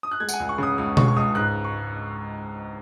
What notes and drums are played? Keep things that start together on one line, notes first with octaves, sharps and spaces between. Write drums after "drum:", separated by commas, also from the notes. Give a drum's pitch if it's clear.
D#6
F#6
G#3 G#6
F#5, drum: tambourine
G#5
C#2
C#6
C#3 D#6
C#2 D#6
G#3 C#6, drum: tom B2
C#6
C#2 D#6
G#2 F#6
C#6